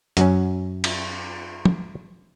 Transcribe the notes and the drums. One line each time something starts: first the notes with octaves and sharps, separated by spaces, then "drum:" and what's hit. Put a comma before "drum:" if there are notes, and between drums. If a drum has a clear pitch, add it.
F#2 F#3 C#4, drum: hi-hat
drum: cymbal
drum: tom